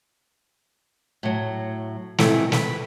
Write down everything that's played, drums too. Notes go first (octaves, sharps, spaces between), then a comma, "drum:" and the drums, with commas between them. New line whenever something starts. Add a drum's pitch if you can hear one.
A2 F#3
G#2 C3 D#3 E3 A3 E4, drum: snare
B4, drum: snare